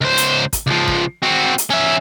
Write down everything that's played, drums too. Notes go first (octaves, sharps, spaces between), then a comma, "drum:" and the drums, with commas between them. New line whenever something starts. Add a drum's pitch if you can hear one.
C#2 C5
drum: hi-hat
drum: kick, hi-hat
C#2 F3
drum: kick
C4 F#4
drum: hi-hat
C#4 E5